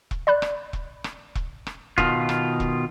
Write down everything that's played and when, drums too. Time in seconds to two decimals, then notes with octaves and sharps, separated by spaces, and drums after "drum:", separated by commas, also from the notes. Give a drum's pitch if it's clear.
0.11 drum: kick E1
0.27 D5 B5 F#6
0.42 drum: rim click
0.73 drum: kick E1
1.04 drum: rim click
1.35 drum: kick E1
1.67 drum: rim click
1.98 B2 D#3 F4, drum: kick E1
2.29 drum: rim click
2.60 drum: kick E1